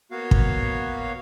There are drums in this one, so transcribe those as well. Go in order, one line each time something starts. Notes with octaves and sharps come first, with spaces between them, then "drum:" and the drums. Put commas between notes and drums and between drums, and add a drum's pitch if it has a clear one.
A#3 B3 F#4 C#5 F5
drum: kick